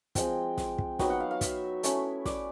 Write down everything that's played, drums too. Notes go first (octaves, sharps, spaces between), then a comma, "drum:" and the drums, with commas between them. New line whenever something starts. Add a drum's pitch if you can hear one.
F3 G#3 C4 G5, drum: kick, hi-hat
drum: snare
drum: kick
F#3 B3 D#4 G5, drum: snare
F#5
F5
F5
E5, drum: kick, hi-hat
A3 C#4 E4, drum: hi-hat
D5, drum: snare